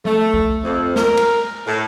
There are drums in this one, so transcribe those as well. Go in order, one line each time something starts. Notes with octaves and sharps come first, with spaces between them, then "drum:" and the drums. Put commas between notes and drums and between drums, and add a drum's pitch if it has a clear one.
A3, drum: tom F3
drum: kick
F2
A#4, drum: snare
drum: cymbal
A2